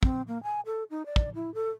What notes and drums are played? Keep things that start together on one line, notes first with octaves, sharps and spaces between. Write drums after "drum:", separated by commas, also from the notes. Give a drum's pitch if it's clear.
C4, drum: kick
A#3
G#5
A4
D#4
D5
drum: kick
E4
A4